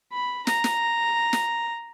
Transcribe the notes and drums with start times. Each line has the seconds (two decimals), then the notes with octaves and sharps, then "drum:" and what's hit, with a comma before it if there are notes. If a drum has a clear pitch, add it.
0.12 B5
0.47 A#5, drum: snare
0.64 drum: snare
1.33 drum: snare